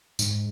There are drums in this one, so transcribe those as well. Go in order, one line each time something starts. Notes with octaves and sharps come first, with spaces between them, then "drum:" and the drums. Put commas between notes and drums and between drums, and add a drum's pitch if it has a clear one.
G#2, drum: tambourine